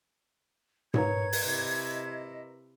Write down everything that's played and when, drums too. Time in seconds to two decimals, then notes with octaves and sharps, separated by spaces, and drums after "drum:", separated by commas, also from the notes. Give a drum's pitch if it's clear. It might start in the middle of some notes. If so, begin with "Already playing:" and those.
0.94 A#4 B4 C#5 A#5 G#6, drum: tom G#2
1.33 drum: open hi-hat
1.45 C3 E4 D#5